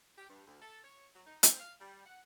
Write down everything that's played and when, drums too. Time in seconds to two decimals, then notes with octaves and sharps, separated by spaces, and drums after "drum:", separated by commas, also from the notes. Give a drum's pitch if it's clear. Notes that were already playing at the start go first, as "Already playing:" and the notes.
0.18 G4
0.30 G2
0.47 D2
0.62 A4
0.84 C#5
1.15 F#3
1.27 D#4
1.43 C4, drum: hi-hat
1.60 F5
1.80 G3
2.06 F#5